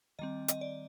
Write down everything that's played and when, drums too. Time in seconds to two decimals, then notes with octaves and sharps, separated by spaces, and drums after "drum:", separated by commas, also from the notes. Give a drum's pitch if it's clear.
0.19 D#3 G3 C4 D#5
0.48 D#5, drum: hi-hat
0.61 D5